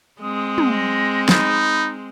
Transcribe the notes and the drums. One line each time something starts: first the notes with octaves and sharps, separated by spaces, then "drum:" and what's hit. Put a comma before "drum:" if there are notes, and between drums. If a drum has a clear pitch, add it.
G#3 C4 D#6
drum: tom
A#6
D#4 B5, drum: snare